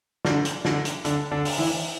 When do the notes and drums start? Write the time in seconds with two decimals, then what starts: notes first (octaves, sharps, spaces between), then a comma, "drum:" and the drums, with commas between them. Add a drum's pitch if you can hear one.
0.25 D3 D4, drum: snare
0.45 drum: hi-hat
0.65 D3 D4, drum: snare
0.85 drum: hi-hat
1.05 D3 D4, drum: hi-hat
1.31 D3 D4
1.45 drum: open hi-hat
1.58 E3 E4